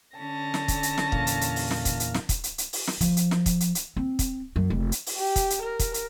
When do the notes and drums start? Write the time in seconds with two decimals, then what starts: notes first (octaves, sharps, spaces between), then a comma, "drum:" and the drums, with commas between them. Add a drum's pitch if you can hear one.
0.17 D3 C#4 A5 A#6
0.54 drum: snare
0.68 drum: kick, hi-hat
0.83 drum: hi-hat
0.98 drum: snare
1.12 E2 A#2 F5, drum: kick
1.27 drum: hi-hat
1.41 drum: hi-hat
1.56 drum: open hi-hat
1.71 drum: snare
1.85 drum: kick, hi-hat
2.00 drum: hi-hat
2.14 drum: snare
2.29 drum: kick, hi-hat
2.44 drum: hi-hat
2.58 drum: hi-hat
2.73 drum: open hi-hat
2.87 drum: snare
3.01 F3, drum: kick, hi-hat
3.17 drum: hi-hat
3.31 drum: snare
3.46 drum: kick, hi-hat
3.60 drum: hi-hat
3.75 drum: hi-hat
3.96 C4
4.19 drum: kick, hi-hat
4.56 F#2
4.70 F1
4.92 drum: hi-hat
5.06 drum: open hi-hat
5.16 G4
5.36 drum: kick, hi-hat
5.50 drum: hi-hat
5.62 A#4
5.79 drum: kick, hi-hat
5.94 drum: hi-hat